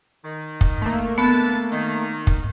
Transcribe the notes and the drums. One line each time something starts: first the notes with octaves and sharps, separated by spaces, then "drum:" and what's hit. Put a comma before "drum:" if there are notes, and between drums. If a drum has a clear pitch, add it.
D#3
drum: kick
A3 A#3
D3 B3 B4 A5
D#3
drum: kick